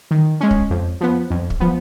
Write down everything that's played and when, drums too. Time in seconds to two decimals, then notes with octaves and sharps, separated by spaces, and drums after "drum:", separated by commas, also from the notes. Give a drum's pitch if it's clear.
0.11 D#3
0.41 G#3 C#4
0.51 drum: kick
0.70 F2
1.01 F3 B3
1.30 F2
1.50 drum: kick
1.60 F3 B3